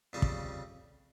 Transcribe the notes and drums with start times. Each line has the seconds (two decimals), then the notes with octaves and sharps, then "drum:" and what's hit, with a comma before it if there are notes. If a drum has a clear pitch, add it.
0.13 F2 C#3 G3 C#4
0.22 drum: kick